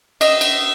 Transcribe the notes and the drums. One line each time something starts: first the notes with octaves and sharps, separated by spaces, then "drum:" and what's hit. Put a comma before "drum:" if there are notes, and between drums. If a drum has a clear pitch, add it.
D#5 E5, drum: cymbal
drum: cymbal